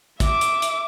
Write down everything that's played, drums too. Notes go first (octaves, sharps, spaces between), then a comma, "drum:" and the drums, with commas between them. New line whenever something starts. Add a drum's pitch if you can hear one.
E5 D6, drum: kick, hi-hat
drum: hi-hat
drum: hi-hat